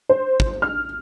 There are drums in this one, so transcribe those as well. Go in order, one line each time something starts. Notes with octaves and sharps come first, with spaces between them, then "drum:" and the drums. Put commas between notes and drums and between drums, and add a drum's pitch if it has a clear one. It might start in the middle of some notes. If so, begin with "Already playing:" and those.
C5
drum: kick
F6